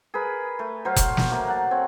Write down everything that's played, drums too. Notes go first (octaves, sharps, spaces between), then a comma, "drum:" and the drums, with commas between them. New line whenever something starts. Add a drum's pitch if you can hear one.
G#4 A#4 B4 B5
A3
F#3 C5 F5
drum: kick F1, hi-hat
drum: snare
A3 A#3
F#5 A5
C4 C#5